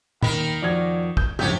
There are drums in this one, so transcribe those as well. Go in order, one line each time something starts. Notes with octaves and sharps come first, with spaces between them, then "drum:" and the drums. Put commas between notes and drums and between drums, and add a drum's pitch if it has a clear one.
D#2 D#3 A#4 B5, drum: tom
F2 F3 F#4 D5 G#6
G6, drum: kick
F#1 F2 G#2 D3 F3 G4 C#5 G6